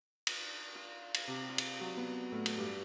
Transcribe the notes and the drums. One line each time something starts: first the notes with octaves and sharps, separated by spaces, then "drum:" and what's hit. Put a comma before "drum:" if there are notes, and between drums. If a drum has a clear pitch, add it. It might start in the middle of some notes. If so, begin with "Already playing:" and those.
drum: cymbal
F4
drum: cymbal
C3
F4
drum: cymbal
F#3
B3
A2
drum: cymbal
G2